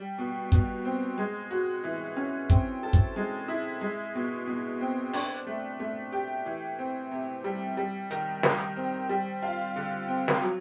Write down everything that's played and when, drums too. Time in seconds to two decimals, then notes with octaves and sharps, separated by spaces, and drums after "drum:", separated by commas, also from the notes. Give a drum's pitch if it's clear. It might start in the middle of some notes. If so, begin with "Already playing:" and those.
Already playing: G3
0.18 B2
0.52 B2, drum: kick
0.85 C4
1.18 G#3
1.51 F#4
1.84 E3
2.16 C#4
2.50 C4, drum: kick
2.83 A4
2.93 drum: kick
3.16 G#3
3.48 E4
3.81 G#3
4.15 B2
4.47 B2
4.81 C4
5.13 D4, drum: open hi-hat
5.47 A3
5.80 A3
6.12 G4
6.46 E3
6.79 C4
7.11 C3
7.44 G3
7.77 G3
8.11 D#3, drum: hi-hat
8.43 D#3, drum: snare
8.76 C4
9.09 G3
9.43 F4
9.76 D3
10.08 C4
10.28 drum: snare
10.42 F#3